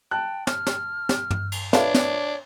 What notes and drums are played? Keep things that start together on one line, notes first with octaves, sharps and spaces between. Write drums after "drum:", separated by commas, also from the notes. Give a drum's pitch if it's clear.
G5 A5 F#6
F6, drum: snare
drum: snare
drum: snare
drum: tom
drum: cymbal
D4 F4 A4 B4 C#5 E5, drum: snare
drum: snare